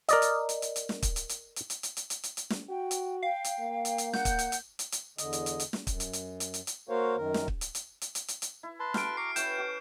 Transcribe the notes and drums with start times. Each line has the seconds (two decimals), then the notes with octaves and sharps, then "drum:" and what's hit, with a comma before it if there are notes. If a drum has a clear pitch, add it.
0.09 A#4 D5 D#5, drum: hi-hat
0.22 drum: hi-hat
0.49 drum: hi-hat
0.62 drum: hi-hat
0.76 drum: hi-hat
0.89 drum: snare
1.03 drum: kick, hi-hat
1.16 drum: hi-hat
1.29 drum: hi-hat
1.56 drum: hi-hat
1.70 drum: hi-hat
1.83 drum: hi-hat
1.97 drum: hi-hat
2.10 drum: hi-hat
2.24 drum: hi-hat
2.37 drum: hi-hat
2.50 drum: snare
2.69 F#4 G5
2.91 drum: hi-hat
3.23 F5 G5
3.44 drum: hi-hat
3.60 A#3
3.85 drum: hi-hat
3.98 drum: hi-hat
4.13 F#5 G6, drum: snare
4.25 drum: kick, hi-hat
4.39 drum: hi-hat
4.52 drum: hi-hat
4.79 drum: hi-hat
4.92 drum: hi-hat
5.18 E2 D3 D#5, drum: hi-hat
5.33 drum: hi-hat
5.46 drum: hi-hat
5.60 drum: hi-hat
5.73 drum: snare
5.87 F#2, drum: kick, hi-hat
6.00 drum: hi-hat
6.13 drum: hi-hat
6.40 drum: hi-hat
6.54 drum: hi-hat
6.67 drum: hi-hat
6.89 A#3 F#4 A#4 C5 C#5 F5
7.16 F#2 D#3 A#4
7.34 drum: snare
7.48 drum: kick
7.61 drum: hi-hat
7.75 drum: hi-hat
8.02 drum: hi-hat
8.15 drum: hi-hat
8.28 drum: hi-hat
8.42 drum: hi-hat
8.63 E4
8.80 B4 A5 C6
8.94 F#4 A4 G5 F6 D7, drum: snare
9.17 A#5 C#6 D6 C7
9.36 C#4 E4 F#4 B4 G5 G6 E7, drum: hi-hat
9.58 F#4